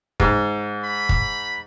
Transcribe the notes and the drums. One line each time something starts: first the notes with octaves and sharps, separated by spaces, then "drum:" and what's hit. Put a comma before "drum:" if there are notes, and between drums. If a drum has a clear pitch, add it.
G#2, drum: kick
B5
drum: kick